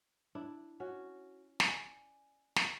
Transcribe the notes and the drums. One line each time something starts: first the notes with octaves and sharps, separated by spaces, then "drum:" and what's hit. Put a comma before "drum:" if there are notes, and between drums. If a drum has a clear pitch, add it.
D4 E4
C#4 F#4
D5 G#5, drum: snare
drum: snare